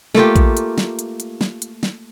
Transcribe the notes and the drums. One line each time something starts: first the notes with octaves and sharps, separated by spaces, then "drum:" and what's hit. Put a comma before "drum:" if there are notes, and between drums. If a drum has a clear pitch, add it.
A3 A#3 F4 G4, drum: snare
drum: kick, hi-hat
drum: hi-hat
drum: snare
drum: hi-hat
drum: hi-hat
drum: snare
drum: hi-hat
drum: snare